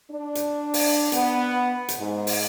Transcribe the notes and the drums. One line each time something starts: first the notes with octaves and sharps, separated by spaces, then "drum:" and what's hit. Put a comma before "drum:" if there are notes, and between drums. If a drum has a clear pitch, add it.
D4
drum: hi-hat
drum: open hi-hat
B3, drum: hi-hat
drum: hi-hat
G#2
drum: open hi-hat